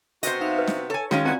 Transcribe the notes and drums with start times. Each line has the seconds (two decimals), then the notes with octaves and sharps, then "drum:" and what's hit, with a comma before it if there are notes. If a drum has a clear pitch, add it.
0.23 C3 B3 F#4 C5 D#5, drum: hi-hat
0.41 D#4 E5 F5
0.58 B4
0.68 drum: snare
0.90 A4 C#5 G#5
1.11 D#3 G#3 C#4 F#4 F5, drum: snare
1.25 B3 C4 F4 F#4 D5 G#5 A#5